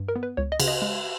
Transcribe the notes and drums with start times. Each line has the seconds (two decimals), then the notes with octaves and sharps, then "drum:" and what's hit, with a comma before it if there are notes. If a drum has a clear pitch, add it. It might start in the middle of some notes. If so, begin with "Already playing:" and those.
Already playing: G2
0.09 A#4
0.16 B3
0.23 B4
0.37 C#2 C#5
0.52 D#5
0.60 C#3, drum: cymbal
0.68 D#5
0.82 G#3